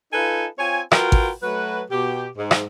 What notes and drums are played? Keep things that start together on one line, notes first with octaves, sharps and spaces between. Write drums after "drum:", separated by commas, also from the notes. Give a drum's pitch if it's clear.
D#4 F4 A4 B4 G#5
C4 F4 C#5 G#5
F4 F#4 A#4 B4 G5, drum: rim click
drum: kick G#1
F#3 A3 F#4 B4
B2 G4
G#2
drum: rim click